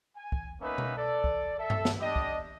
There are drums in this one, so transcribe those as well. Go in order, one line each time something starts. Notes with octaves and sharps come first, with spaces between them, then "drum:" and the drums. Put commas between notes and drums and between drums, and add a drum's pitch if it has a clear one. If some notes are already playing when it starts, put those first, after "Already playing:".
G#5
drum: kick
A#3 B3 C#4 D#4 B4 E5
drum: tom B2
A4 D5
drum: kick
A4 E5
drum: tom G2
drum: snare
G3 D4 G4 D#5
drum: kick